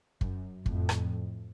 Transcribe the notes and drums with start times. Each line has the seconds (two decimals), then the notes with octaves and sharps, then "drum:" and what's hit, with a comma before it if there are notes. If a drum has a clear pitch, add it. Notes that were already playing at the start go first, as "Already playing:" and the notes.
0.21 F#2, drum: kick
0.66 F2 A2, drum: kick
0.89 drum: rim click